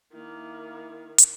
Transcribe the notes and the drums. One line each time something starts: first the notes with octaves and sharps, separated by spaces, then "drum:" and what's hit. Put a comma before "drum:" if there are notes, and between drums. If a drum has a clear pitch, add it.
D#3 A#3 E4
drum: hi-hat